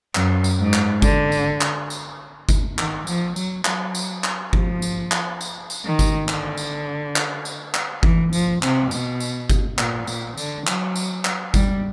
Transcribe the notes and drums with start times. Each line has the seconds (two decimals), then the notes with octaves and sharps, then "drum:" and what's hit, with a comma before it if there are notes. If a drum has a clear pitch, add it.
0.15 F#2, drum: clap
0.44 drum: tambourine
0.59 G#2
0.73 drum: clap
1.02 D3, drum: kick G1, tambourine
1.32 drum: tambourine
1.61 drum: clap
1.90 drum: tambourine
2.49 drum: kick G1, tambourine
2.78 D#3, drum: clap
3.07 F3, drum: tambourine
3.36 F#3, drum: tambourine
3.65 F#3, drum: clap
3.95 drum: tambourine
4.24 drum: clap
4.53 F3, drum: kick G1
4.82 drum: tambourine
5.11 drum: clap
5.41 drum: tambourine
5.70 drum: tambourine
5.85 D#3
5.99 drum: kick G1, tambourine
6.28 D3, drum: clap
6.57 drum: tambourine
7.16 drum: clap
7.45 drum: tambourine
7.74 drum: clap
8.03 E3, drum: kick G1
8.33 F3, drum: tambourine
8.63 C3, drum: clap
8.91 B2, drum: tambourine
9.20 drum: tambourine
9.50 drum: kick G1, tambourine
9.78 A#2, drum: clap
10.07 A#2, drum: tambourine
10.37 D3, drum: tambourine
10.67 F#3, drum: clap
10.96 drum: tambourine
11.25 drum: clap
11.54 G3, drum: kick G1, tambourine